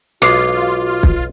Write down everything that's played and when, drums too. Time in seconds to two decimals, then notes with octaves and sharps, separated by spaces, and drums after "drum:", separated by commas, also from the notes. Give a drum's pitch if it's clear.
0.22 B1 G#3 F4 F#4 D6 C7, drum: rim click
1.03 drum: kick B1